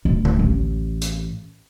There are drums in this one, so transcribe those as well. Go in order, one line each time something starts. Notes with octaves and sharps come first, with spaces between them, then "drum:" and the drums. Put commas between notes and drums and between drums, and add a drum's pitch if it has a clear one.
D1
drum: tom D3
A1
drum: hi-hat